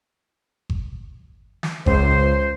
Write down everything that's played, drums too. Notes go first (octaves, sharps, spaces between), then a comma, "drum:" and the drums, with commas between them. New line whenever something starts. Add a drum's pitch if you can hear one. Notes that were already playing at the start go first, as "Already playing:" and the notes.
drum: kick G1
drum: snare
C#2 C5, drum: kick G1